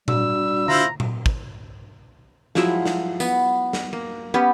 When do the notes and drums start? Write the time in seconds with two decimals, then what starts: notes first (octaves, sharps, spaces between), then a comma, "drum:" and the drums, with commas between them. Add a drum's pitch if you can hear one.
0.08 G3 D4 F#4 E6, drum: tom A#2
0.68 E4 F4 C5 A#5, drum: tom D3
1.00 drum: tom A#2
1.26 drum: kick
2.55 F3 F#3 G#3 E4, drum: snare
2.85 drum: snare
3.20 B3, drum: tambourine
3.73 drum: snare
3.93 A#3
4.34 B3 C#4 G4